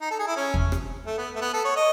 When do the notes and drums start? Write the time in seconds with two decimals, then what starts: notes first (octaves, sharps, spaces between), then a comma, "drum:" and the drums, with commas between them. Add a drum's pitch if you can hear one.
0.02 D#4
0.11 A4
0.19 G#4
0.27 E4
0.36 C#4
0.54 drum: kick E2
0.72 drum: rim click
1.06 A3
1.18 B3
1.36 A3
1.41 B3
1.53 A4
1.65 C#5
1.76 D#5